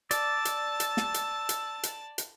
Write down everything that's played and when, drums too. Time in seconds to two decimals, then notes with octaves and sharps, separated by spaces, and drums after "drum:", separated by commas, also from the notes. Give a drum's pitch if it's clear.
0.11 D5 A5 E6, drum: hi-hat
0.45 drum: hi-hat
0.80 drum: hi-hat
0.97 drum: snare
1.14 drum: hi-hat
1.49 drum: hi-hat
1.83 drum: hi-hat
2.18 drum: hi-hat